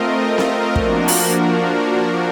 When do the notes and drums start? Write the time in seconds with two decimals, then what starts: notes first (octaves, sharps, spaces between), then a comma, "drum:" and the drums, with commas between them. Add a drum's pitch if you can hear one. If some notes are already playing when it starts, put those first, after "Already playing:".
Already playing: A3 C4 F4 A#4 D#5
0.38 drum: snare C4
0.76 F3 A#3 D4 F#4 A#4, drum: kick
1.08 drum: open hi-hat